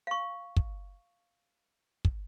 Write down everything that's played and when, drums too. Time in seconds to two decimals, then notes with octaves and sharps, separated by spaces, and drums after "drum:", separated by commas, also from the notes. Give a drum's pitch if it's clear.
0.07 F5 C#6
0.56 drum: kick
2.05 drum: kick